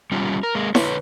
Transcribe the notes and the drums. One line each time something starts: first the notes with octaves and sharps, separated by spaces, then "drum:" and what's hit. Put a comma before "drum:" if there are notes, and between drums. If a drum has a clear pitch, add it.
G3 C#4 F4 G4
A#4
G#3 A#3
D3 G4 B4 C#5, drum: snare E4